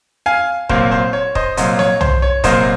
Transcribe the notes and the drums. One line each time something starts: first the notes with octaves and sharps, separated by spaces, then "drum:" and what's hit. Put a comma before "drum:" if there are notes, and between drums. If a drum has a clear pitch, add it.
F5 G#5
C2 A#2 F#3 A#3 C5, drum: kick
C5
C#5
C5 D#5, drum: kick
C2 A#2 F#3 A#3 C5 D#5, drum: hi-hat
C#5, drum: snare
C5, drum: tom
C#5
C2 A#2 F#3 A#3 C5 D#5, drum: kick, hi-hat